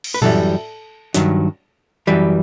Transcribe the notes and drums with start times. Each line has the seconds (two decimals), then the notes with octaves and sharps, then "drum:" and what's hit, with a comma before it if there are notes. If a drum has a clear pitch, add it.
0.04 drum: cymbal
0.14 B4
0.22 F#2 E3 G3 A4, drum: tom A2
1.14 G2 D#3 F#3, drum: snare
2.07 F#2 E3 G3 B4